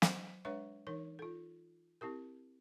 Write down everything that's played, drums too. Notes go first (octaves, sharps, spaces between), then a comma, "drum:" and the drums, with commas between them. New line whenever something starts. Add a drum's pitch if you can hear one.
F#3 C5 F#5, drum: snare
G#3 D4 B4 C#5 E5 C#6
E3 D#4 A#4 C#5
F4 A4
C4 E4 G4 A#4